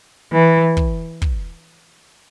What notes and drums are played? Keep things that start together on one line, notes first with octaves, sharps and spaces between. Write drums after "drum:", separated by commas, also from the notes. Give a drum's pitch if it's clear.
E3
drum: kick
drum: kick